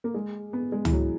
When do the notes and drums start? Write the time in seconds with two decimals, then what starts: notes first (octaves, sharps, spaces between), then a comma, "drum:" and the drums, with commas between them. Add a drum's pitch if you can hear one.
0.04 A#3
0.14 G#3
0.53 B3
0.72 G#3
0.85 E3, drum: tom C#2
0.92 F#3